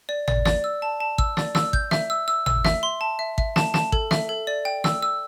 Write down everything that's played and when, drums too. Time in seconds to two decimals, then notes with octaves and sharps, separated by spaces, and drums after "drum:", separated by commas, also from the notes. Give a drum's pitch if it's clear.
0.09 D5
0.28 D5, drum: tom G#1
0.46 D5, drum: snare
0.64 E6
0.82 A5
1.00 A5
1.18 E6, drum: kick G#1
1.37 D5, drum: snare
1.55 E6, drum: snare
1.73 G6, drum: kick G#1
1.91 E5, drum: snare
2.10 E6
2.28 E6
2.46 E6, drum: tom G#1
2.65 E5, drum: snare
2.83 C6
3.01 A5
3.19 E5
3.38 E5, drum: kick G#1
3.56 A5, drum: snare
3.74 A5, drum: snare
3.92 A4, drum: kick G#1
4.11 E5, drum: snare
4.29 A4
4.47 D5
4.65 G5
4.84 E6, drum: snare
5.02 E6